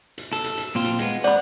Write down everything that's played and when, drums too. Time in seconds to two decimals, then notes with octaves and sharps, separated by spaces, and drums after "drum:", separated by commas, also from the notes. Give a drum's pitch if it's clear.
0.18 drum: hi-hat
0.33 A4, drum: hi-hat
0.44 drum: hi-hat
0.58 drum: hi-hat
0.75 A#2 C4 F4
0.84 drum: hi-hat
0.99 G#3 B3, drum: hi-hat
1.24 D5 F#5 B5, drum: hi-hat